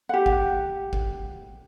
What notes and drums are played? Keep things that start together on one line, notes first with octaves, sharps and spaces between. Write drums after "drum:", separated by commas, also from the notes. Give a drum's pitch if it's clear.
G4 F#5
drum: kick
drum: kick